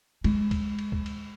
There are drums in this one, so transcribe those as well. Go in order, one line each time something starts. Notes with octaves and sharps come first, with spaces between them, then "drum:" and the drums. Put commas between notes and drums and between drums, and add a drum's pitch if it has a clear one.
G#3, drum: cymbal
drum: kick, cymbal
drum: cymbal
drum: kick
drum: cymbal